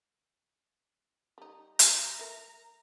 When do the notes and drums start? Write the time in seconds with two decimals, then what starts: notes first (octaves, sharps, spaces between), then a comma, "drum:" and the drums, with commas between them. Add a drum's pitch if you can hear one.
1.38 G3 D#4
1.79 A#5, drum: hi-hat
2.19 A#4 E5